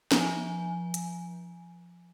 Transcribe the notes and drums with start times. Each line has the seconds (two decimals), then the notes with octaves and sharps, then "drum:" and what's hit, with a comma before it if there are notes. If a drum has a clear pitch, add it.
0.12 F3 G#5, drum: snare
0.94 drum: hi-hat